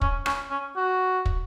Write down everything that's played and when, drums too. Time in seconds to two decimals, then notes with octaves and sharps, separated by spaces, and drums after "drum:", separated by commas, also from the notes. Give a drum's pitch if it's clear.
0.01 C#4, drum: kick
0.26 C#4, drum: rim click
0.51 C#4
0.76 F#4
1.26 drum: kick